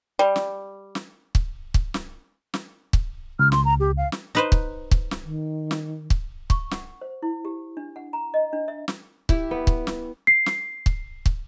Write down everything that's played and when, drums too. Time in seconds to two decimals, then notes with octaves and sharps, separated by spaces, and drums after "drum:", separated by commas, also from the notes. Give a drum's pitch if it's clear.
0.19 G3
0.36 drum: snare
0.95 drum: snare
1.35 drum: kick
1.74 drum: kick
1.94 drum: snare
2.54 drum: snare
2.93 drum: kick
3.39 C#2 F6
3.52 C6, drum: snare
3.65 A#5
3.80 G4
3.97 F5
4.12 drum: snare
4.35 D#4 B4 C5
4.52 drum: kick
4.91 drum: kick
5.11 drum: snare
5.24 D#3
5.71 drum: snare
6.10 drum: kick
6.50 C#6, drum: kick
6.71 F#5, drum: snare
7.01 C5
7.22 E4
7.45 G4
7.77 D4
7.96 F#5
8.13 A#5
8.34 D#5
8.53 D4
8.68 E5
8.88 drum: snare
9.29 E4 G4, drum: kick
9.51 B3
9.67 drum: kick
9.87 drum: snare
10.27 C7
10.46 drum: snare
10.86 drum: kick
11.26 drum: kick